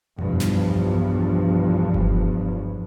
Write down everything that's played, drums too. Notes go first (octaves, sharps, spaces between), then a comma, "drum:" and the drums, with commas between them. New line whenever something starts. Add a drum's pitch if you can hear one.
B1 E2 G2 F3, drum: tom F2
drum: snare
drum: kick F#1